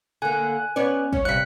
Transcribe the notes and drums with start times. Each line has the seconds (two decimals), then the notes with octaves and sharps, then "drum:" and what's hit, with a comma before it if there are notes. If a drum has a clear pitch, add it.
0.22 D3 A#3 G#5 F#6
0.76 B3 C#4 C#5 D5
1.13 C#4 C#5, drum: kick
1.25 G2 C3 F#6 B6 C#7